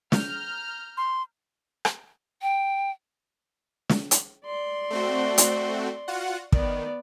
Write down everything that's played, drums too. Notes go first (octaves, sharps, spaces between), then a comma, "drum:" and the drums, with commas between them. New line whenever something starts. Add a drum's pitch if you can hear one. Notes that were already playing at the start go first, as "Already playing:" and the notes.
A#5 F6 G6, drum: snare
C6
drum: rim click
G5
drum: snare
drum: hi-hat
D5 C6
A3 C4 F#4
drum: hi-hat
F4 F#4 F#5
D#3 B3 D5, drum: kick